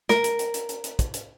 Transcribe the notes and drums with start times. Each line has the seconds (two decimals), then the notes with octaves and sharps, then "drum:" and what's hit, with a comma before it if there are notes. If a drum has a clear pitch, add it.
0.09 A#4, drum: snare
0.24 drum: hi-hat
0.39 drum: hi-hat
0.54 drum: hi-hat
0.69 drum: hi-hat
0.84 drum: hi-hat
0.99 drum: kick, hi-hat
1.14 drum: hi-hat